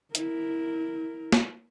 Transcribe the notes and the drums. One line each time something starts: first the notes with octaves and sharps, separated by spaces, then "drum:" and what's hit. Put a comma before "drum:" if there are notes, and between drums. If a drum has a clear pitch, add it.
E4 A#4, drum: hi-hat
drum: snare